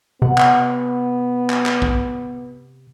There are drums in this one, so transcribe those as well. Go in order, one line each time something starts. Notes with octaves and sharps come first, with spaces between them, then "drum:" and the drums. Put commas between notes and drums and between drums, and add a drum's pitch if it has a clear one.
C3 B3 F#5
drum: clap
drum: clap
drum: clap
drum: kick